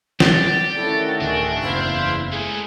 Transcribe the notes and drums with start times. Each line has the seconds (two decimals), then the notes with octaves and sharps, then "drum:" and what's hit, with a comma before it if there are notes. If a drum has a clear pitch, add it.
0.20 G4 D5, drum: snare
0.77 D#3 A3 C#4 E4 F#4 A4
1.21 D1 D4 G#5
1.62 F#1 E2 E4 C5 F5
2.32 E3 G#3 A3 G#4